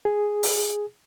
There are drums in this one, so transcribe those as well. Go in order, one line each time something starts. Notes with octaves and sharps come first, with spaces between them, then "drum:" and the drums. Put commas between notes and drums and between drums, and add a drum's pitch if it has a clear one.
G#4
drum: open hi-hat